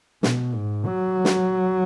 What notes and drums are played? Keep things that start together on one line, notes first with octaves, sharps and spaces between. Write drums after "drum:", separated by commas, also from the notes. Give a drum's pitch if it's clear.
B2, drum: snare
G#2
F#3
drum: snare